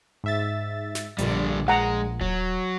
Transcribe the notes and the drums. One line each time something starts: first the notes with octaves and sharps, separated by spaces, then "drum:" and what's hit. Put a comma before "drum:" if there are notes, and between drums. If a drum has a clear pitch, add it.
G#2 E5 A6
drum: snare
A#1 A#2 D3 G3, drum: hi-hat
G#3 F#5 A#5
F#3, drum: kick D#1